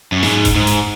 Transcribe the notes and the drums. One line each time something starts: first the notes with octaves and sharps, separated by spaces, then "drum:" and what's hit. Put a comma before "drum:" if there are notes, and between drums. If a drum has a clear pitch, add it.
F#2
G#2, drum: snare
drum: kick E1, hi-hat
G#2
drum: hi-hat